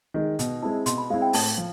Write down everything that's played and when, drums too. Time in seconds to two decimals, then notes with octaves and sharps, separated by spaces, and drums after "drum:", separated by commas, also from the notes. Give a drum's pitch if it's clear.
0.14 D#3 G#3
0.39 B2, drum: hi-hat
0.62 G#3 C4 E4 A5
0.86 B2 C6, drum: hi-hat
0.98 B5
1.10 G#3 C4 E4 F5
1.22 G5
1.33 A2 A5, drum: open hi-hat
1.58 F3